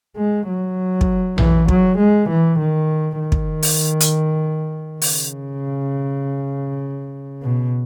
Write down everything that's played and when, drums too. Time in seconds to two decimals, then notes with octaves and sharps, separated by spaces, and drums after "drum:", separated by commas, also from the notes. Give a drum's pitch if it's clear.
0.17 G#3
0.48 F#3
1.01 drum: kick
1.38 E3, drum: tom A#1
1.68 F#3, drum: kick
1.98 G#3
2.29 E3
2.59 D#3
3.20 D#3
3.32 drum: kick
3.63 drum: open hi-hat
4.00 drum: hi-hat
5.02 C#3, drum: open hi-hat
7.43 B2